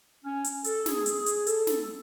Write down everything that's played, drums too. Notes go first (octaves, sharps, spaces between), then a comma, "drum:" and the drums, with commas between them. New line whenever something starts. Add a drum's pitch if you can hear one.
C#4
drum: hi-hat
A4, drum: hi-hat
G#4, drum: snare
G#4, drum: hi-hat
drum: hi-hat
A4, drum: hi-hat
drum: snare